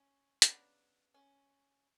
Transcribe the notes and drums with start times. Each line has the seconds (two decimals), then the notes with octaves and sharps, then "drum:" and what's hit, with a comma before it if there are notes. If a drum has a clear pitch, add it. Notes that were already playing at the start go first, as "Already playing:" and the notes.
Already playing: C#4
0.42 C#3 F#3 B3 D4, drum: hi-hat
1.14 C#4